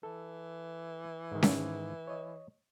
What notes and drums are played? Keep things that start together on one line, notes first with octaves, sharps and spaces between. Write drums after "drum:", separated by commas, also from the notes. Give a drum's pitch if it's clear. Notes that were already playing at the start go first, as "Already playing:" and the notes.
E3 A4
G#2 D#3
drum: snare C#4
C#5 D#5